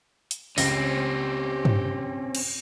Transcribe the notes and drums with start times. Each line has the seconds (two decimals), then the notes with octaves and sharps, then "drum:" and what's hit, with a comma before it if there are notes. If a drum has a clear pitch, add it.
0.31 drum: hi-hat
0.58 C#2 C4 C#4 G4 A#6, drum: open hi-hat
1.65 drum: tom G2
2.35 drum: cymbal